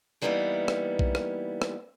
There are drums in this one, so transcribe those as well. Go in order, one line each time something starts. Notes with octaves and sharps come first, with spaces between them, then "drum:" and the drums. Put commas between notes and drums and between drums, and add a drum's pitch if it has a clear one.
E3 G3 A#3 B3 D#4 E4
drum: rim click
drum: kick B1
drum: rim click
drum: rim click